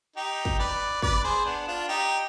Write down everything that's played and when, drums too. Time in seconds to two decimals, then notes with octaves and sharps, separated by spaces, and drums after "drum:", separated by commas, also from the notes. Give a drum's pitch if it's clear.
0.16 D#4 G4
0.45 drum: kick
0.59 B4 D5
1.02 B4 D5, drum: kick
1.24 G#4 C5
1.45 B3 D4
1.67 D4 F4
1.88 D#4 G4